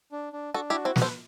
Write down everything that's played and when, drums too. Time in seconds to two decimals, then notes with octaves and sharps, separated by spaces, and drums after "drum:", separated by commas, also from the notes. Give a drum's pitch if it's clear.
0.12 D4
0.33 D4
0.54 D4 F#4 A4
0.70 E4 G4
0.74 F#4
0.85 C4 E4
0.96 B4, drum: snare
1.02 A4 C5